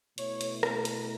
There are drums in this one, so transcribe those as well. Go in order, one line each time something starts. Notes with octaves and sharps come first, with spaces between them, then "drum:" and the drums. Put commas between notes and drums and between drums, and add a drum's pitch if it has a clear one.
B2 A3 E4 C#5, drum: hi-hat
drum: hi-hat
drum: rim click
drum: hi-hat